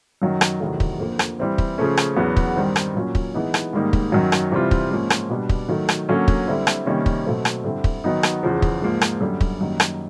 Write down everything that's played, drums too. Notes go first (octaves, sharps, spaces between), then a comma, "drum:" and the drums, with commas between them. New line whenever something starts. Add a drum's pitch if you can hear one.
F#2 D#3 F#3
drum: rim click
E2 C3 D#3 F#3 A3
drum: kick
F2 D3 F3 A#3
drum: rim click
E3 G3 C4 E4
drum: kick
C#3 F3 A3 C#4
drum: rim click
E2 C#3 F#3 B3
drum: kick
G2 D#3 G3 C4 D#4
drum: rim click
A#2 F#3 A#3 C#4
drum: kick
E3 G#3 B3 D#4
drum: rim click
G#2 D#3 G3 A#3 D#4
drum: kick
F#2 D#3 F#3
drum: rim click
C3 E3 G3 C4 F4
drum: kick
G#2 F3 A#3 C#4
drum: rim click
B2 G3 B3 D4
drum: kick
D#3 F#3 A3
drum: rim click
D3 F#3 A#3 C#4
drum: kick
D3 G3 C4 E4
drum: rim click
C3 D#3 G3 A#3 C#4
drum: kick
B2 F#3 A3 C4
drum: rim click
G2 D3 G3 C4 E4
drum: kick
D#3 F#3 B3 D#4
drum: rim click
E2 C#3 F3
drum: kick
G#2 F3 A#3
drum: rim click
F#2 D3 G3
drum: kick
F#2 D#3 G3 A#3
drum: rim click